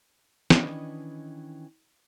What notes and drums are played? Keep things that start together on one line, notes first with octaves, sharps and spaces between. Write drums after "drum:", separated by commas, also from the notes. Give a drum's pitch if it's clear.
D#3 E3 C#4 D4 B4 D#5, drum: snare